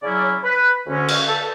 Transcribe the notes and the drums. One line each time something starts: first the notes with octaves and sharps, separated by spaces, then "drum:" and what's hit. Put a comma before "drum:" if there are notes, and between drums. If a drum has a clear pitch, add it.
C#3 F#3 C#4 E4 D5
D5
C#5
B4
D2 D3 G#3 C#4
drum: cymbal
A4